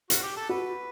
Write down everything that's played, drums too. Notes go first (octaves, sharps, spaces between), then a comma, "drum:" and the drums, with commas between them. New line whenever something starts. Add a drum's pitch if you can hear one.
F#4, drum: hi-hat
G4
A4
F#4 B4